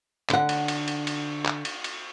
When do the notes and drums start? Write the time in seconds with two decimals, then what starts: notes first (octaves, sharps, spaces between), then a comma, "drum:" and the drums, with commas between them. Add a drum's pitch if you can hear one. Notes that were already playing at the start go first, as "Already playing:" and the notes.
0.30 D3 F#5, drum: clap
0.49 drum: cymbal
0.68 drum: cymbal
0.88 drum: cymbal
1.07 drum: cymbal
1.46 drum: clap
1.65 drum: cymbal
1.84 drum: cymbal